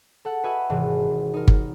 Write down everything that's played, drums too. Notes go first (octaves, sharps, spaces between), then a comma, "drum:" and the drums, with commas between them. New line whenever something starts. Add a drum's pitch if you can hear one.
A4 F#5
F#4 B4 D#5 E5 G#5
G#1 G#2 C3 E3
G#2
D#4 A#4
drum: kick G1